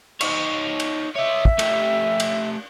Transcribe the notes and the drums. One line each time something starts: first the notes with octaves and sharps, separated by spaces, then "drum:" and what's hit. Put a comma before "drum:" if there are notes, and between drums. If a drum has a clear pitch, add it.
D#4 C#5, drum: cymbal
drum: cymbal
C#5 D#5 E5
drum: kick
A3 G4, drum: cymbal
drum: cymbal